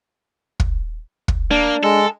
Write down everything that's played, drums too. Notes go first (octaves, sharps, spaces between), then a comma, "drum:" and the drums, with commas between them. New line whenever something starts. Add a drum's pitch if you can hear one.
drum: kick
drum: kick
A#3 D4
G#3 A4